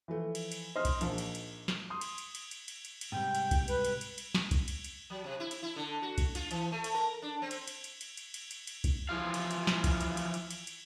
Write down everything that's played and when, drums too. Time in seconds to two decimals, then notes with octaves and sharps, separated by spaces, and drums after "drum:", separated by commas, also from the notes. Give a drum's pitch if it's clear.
0.08 E3 F3 A3
0.35 drum: cymbal
0.52 drum: cymbal
0.76 D#4 C5 D#5 F6
0.85 drum: kick C2, cymbal
1.01 A#1 F3, drum: cymbal
1.18 drum: cymbal
1.35 drum: cymbal
1.68 drum: snare
1.90 C6 D#6
2.01 drum: cymbal
2.18 drum: cymbal
2.35 drum: cymbal
2.51 drum: cymbal
2.68 drum: cymbal
2.85 drum: cymbal
3.01 drum: cymbal
3.12 G#2 C3 G3 G5
3.35 drum: cymbal
3.51 drum: kick C2, cymbal
3.68 B4, drum: cymbal
3.85 drum: cymbal
4.01 drum: cymbal
4.18 drum: cymbal
4.35 drum: snare
4.51 drum: kick C2, cymbal
4.68 drum: cymbal
4.84 drum: cymbal
5.10 F#3
5.24 C3
5.40 E4
5.51 drum: cymbal
5.63 E4
5.76 D3
6.02 F#4
6.18 drum: kick C2, cymbal
6.35 F4, drum: cymbal
6.51 E3, drum: cymbal
6.72 A3
6.84 drum: cymbal
6.94 A#4
7.22 D4
7.42 C4
7.51 drum: cymbal
7.68 drum: cymbal
7.84 drum: cymbal
8.01 drum: cymbal
8.17 drum: cymbal
8.34 drum: cymbal
8.51 drum: cymbal
8.67 drum: cymbal
8.84 drum: kick C2, cymbal
9.09 E3 F3 E4 F4 F5
9.34 drum: cymbal
9.51 drum: cymbal
9.67 drum: snare
9.84 drum: kick C2, cymbal
10.01 drum: cymbal
10.17 drum: cymbal
10.34 drum: cymbal
10.51 drum: cymbal
10.67 drum: cymbal